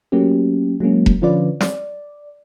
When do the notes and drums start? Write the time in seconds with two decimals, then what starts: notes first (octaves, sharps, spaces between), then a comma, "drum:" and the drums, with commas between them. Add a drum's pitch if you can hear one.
0.12 F#3 A3 A#3 C#4 G4
0.80 F#3 G#3 A#3 C#4
1.06 drum: kick E1
1.22 D3 F3 C#4 F4 B4 D5
1.61 D5, drum: snare